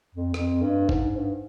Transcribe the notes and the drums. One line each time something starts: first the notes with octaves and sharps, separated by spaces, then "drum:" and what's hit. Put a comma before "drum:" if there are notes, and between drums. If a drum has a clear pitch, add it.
F2
F2, drum: rim click
G2
G#2, drum: kick G#1
G2